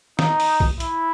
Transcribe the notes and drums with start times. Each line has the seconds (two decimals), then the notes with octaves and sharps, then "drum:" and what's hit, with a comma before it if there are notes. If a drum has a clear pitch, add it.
0.19 D#4, drum: snare
0.40 drum: open hi-hat
0.60 drum: kick
0.80 E4, drum: hi-hat